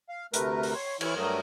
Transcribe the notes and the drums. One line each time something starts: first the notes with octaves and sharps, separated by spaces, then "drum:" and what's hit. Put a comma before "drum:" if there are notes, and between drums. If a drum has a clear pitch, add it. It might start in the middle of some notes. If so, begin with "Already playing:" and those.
F5
D2 C3 A3 A#4 B4, drum: hi-hat
drum: open hi-hat
C#5 C6
E3 E4 C#5 F6, drum: cymbal
G2 F#3 A3 A#4 D#6